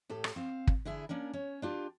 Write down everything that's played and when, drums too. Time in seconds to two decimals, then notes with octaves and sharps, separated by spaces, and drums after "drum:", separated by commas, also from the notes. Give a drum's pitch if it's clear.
0.10 A2 G4 A4
0.24 drum: rim click
0.36 C4 F5
0.67 drum: kick
0.85 D3 E4 G#4 E5
1.09 A#3 C#4 D4 A#4
1.33 C#4 C#5
1.62 D4 F4 G4